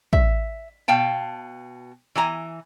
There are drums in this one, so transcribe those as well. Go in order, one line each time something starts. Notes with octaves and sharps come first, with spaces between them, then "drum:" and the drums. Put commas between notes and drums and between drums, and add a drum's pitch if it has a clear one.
E5, drum: kick
B2 F5 G5 A5
E3 G#5 A#5